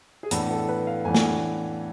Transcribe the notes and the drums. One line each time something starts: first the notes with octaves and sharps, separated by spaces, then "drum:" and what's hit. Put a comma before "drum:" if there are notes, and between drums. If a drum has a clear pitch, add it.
G#4
A2 E3 B3 D4 A4, drum: hi-hat
A4
B4
F5
A2 E3 B3 D4 G#5
drum: snare